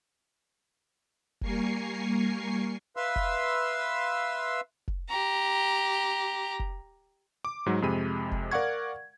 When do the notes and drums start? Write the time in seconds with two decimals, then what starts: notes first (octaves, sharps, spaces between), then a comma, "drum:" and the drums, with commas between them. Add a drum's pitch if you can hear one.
1.41 G3 A#3 A#4 G#5 C#6 C7, drum: kick F1
2.97 B4 E5 F5 C6 E6
3.16 drum: kick F1
4.88 drum: kick F1
5.09 G4 A#5
6.59 drum: kick F1
7.45 D6
7.66 G#2 F#3
7.82 F2 C3 G#3 B5 D#7
8.31 drum: kick F1
8.51 A#4 D5 F5 F#5 C#6 G#6